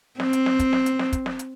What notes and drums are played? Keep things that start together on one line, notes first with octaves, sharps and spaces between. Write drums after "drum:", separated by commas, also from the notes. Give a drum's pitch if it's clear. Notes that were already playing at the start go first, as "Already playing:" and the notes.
C4, drum: snare
drum: hi-hat
drum: snare
drum: kick, hi-hat
drum: snare
drum: hi-hat
drum: snare
drum: kick, hi-hat
drum: snare
drum: hi-hat